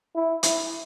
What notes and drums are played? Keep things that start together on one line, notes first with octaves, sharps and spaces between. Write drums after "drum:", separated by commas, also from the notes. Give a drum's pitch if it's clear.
E4
E4, drum: hi-hat